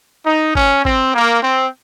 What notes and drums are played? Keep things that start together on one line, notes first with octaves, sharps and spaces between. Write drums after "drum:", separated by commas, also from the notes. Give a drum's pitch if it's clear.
D#4
C#4, drum: kick
C4, drum: kick
A#3
C4